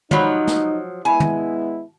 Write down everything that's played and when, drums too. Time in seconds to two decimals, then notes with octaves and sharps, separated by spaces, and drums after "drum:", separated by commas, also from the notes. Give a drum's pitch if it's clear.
0.11 F3 F#3 D#4, drum: tom
0.47 drum: snare
1.05 G#3 B3 E4 G#5
1.20 drum: tom